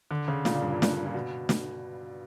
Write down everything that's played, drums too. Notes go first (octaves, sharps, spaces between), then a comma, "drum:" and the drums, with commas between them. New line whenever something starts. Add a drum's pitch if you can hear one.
D3
C#3
A#2, drum: snare
G2
A#2
G2, drum: snare
A#2
B2
drum: snare